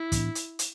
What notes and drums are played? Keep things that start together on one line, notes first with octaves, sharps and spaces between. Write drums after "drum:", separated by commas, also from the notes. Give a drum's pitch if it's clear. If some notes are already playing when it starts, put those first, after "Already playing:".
Already playing: E4
A2 E3 B3 D4, drum: kick, hi-hat
drum: hi-hat
drum: hi-hat